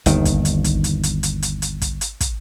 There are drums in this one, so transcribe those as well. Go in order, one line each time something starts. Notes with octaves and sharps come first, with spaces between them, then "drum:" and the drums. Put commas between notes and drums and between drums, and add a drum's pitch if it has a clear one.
G1 D#2 D#3, drum: hi-hat
drum: kick, hi-hat
drum: hi-hat
drum: kick, hi-hat
drum: hi-hat
drum: hi-hat
drum: hi-hat
drum: hi-hat
drum: hi-hat
drum: kick, hi-hat
drum: hi-hat
drum: kick, hi-hat